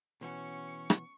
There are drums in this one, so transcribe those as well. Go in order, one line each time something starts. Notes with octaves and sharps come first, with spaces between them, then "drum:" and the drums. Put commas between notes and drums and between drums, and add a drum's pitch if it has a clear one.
B2 E3 C#4 F#4 C#6
drum: rim click